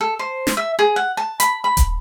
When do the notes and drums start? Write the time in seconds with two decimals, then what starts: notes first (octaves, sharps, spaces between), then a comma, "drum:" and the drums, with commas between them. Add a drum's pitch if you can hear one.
0.01 A4
0.19 C5
0.47 drum: snare
0.57 E5
0.79 G#4
0.96 F#5
1.17 A5
1.40 B5, drum: hi-hat
1.64 B5
1.77 drum: kick D#1, hi-hat